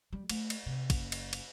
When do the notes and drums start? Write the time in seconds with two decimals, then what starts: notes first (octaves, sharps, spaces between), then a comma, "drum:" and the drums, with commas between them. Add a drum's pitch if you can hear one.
0.12 G3
0.30 A3, drum: cymbal
0.50 drum: cymbal
0.66 C3
0.90 F#1, drum: kick, cymbal
1.12 drum: cymbal
1.33 drum: cymbal